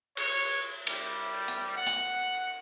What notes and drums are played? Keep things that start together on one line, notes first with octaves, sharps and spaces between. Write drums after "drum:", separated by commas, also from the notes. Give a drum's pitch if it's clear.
C#5, drum: cymbal
G3, drum: cymbal
drum: hi-hat
F#5
drum: hi-hat